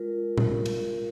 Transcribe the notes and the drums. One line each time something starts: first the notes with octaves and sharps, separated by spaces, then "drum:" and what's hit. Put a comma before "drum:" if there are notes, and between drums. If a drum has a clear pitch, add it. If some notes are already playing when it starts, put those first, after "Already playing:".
Already playing: G#3 F4 A#4
drum: tom A2
drum: cymbal